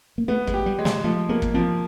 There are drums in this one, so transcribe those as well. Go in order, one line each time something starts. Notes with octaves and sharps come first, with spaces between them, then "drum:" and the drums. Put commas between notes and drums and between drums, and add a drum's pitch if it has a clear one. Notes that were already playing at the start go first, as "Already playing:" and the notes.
A#3
A3 B3
G#3, drum: kick
G4
G3
G#3
G3, drum: snare
F3 A3
A#3 B3
drum: kick
F3 C4